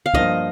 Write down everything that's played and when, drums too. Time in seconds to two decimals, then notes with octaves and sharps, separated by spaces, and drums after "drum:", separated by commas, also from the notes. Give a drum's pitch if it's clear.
0.06 F5
0.14 G2 F3 A#3 D#5, drum: kick